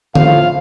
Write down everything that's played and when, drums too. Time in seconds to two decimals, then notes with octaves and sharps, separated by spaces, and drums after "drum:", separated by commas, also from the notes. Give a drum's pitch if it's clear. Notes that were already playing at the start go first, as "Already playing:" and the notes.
0.15 A2 F3 F5, drum: tom D3